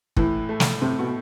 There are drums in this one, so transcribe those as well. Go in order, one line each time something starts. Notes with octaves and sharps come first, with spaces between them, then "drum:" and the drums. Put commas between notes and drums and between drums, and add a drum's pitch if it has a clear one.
A2 E3, drum: kick
A3
drum: snare
A2 C3
B2